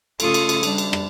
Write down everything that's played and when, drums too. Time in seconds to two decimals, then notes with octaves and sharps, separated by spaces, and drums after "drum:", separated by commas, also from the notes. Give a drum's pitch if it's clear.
0.20 C#3 A3 F4 A4 C#6 D#6, drum: cymbal
0.34 drum: cymbal
0.49 drum: cymbal
0.63 G3 D4, drum: cymbal
0.78 drum: cymbal
0.93 drum: rim click